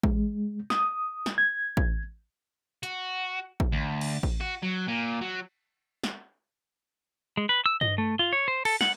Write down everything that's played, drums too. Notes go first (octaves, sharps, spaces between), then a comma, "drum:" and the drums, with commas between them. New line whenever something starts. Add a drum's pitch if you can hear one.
G#3, drum: kick A1
D#6, drum: snare
drum: snare
G#6
drum: kick A1
F#4, drum: hi-hat
drum: kick A1
D2
drum: cymbal
drum: kick A1
F#4
F#3
A#2
F#3
drum: snare
G#3
B4
E6
D#5, drum: tom G2
A3
F4
C#5
C5
A4, drum: cymbal
F#5, drum: snare